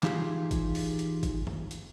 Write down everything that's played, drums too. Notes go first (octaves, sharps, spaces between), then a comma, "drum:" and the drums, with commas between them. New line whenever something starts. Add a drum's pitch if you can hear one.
E3 D#4 F4 G4 G#4, drum: clap
drum: kick G#1, hi-hat
drum: open hi-hat
drum: hi-hat
drum: kick G#1, hi-hat
drum: tom
drum: hi-hat